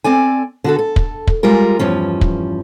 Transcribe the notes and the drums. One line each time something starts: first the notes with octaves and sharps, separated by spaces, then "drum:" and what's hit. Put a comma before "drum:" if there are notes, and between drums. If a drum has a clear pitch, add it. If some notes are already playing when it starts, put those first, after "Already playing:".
C4 A4 D5 G#5
D3 F#4 A4
A4
drum: kick
drum: kick
G3 G#3 F4 A#4
E2 G2 F3 C#4
drum: kick